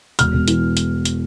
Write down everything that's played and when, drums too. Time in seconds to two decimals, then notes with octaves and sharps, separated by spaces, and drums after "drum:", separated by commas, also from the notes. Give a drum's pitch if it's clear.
0.19 E1 F6, drum: hi-hat
0.33 E1
0.48 E3, drum: hi-hat
0.77 drum: hi-hat
1.05 drum: hi-hat